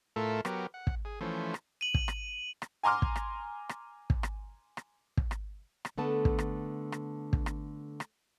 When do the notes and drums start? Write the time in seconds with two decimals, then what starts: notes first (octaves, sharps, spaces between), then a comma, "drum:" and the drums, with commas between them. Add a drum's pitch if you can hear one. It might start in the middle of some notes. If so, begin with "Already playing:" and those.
0.16 A2 A3 F4 A4 A#4 E5
0.45 F#3 B3 G4 A#4, drum: rim click
0.74 F#5
0.87 drum: kick
1.05 G#4
1.21 E3 F3 A3 C#4 C5
1.54 drum: rim click
1.81 D#7 F#7
1.94 drum: kick
2.08 drum: rim click
2.62 drum: rim click
2.83 G#5 A#5 C6 D6 F6
3.02 drum: kick
3.16 drum: rim click
3.69 drum: rim click
4.10 drum: kick
4.23 drum: rim click
4.77 drum: rim click
5.17 drum: kick
5.31 drum: rim click
5.85 drum: rim click
5.98 D3 A3 B3 A4 A5
6.25 drum: kick
6.39 drum: rim click
6.92 drum: rim click
7.33 drum: kick
7.46 drum: rim click
8.00 drum: rim click